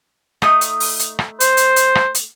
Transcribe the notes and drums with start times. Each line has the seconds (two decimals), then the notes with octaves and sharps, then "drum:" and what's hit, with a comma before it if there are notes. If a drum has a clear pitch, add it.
0.42 A3 D#4 D#6, drum: rim click
0.61 drum: hi-hat
0.80 drum: open hi-hat
0.99 drum: hi-hat
1.19 drum: rim click
1.40 C5, drum: hi-hat
1.57 drum: hi-hat
1.76 drum: hi-hat
1.95 drum: rim click
2.15 drum: hi-hat